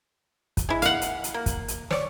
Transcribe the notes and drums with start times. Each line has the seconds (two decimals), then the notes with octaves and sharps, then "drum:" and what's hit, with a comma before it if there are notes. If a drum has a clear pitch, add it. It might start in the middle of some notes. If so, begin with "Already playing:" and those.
0.57 drum: kick, hi-hat
0.69 G#3 E4
0.82 F5 F#5, drum: hi-hat
1.02 drum: hi-hat
1.24 drum: hi-hat
1.34 A#3
1.46 drum: kick, hi-hat
1.68 drum: hi-hat
1.91 C#5 D5, drum: snare